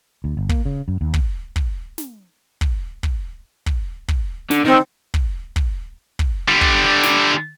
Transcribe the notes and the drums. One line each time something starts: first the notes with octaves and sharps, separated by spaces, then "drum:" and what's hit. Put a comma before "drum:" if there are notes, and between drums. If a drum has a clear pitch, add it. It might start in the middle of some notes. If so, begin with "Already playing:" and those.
D2
G1
A#3, drum: kick
C#3
F#2
D#2
drum: kick
drum: kick
drum: snare
drum: kick
drum: kick
drum: kick
drum: kick
D3, drum: snare
D#3 C4
drum: kick
drum: kick
drum: kick
D3 G3
drum: kick
drum: snare